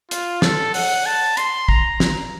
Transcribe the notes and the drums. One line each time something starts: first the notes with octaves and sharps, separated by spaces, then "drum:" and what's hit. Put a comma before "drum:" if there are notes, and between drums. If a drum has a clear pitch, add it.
F4, drum: hi-hat
A4, drum: snare
F#5, drum: open hi-hat
A5
C6, drum: hi-hat
A#5, drum: kick
drum: snare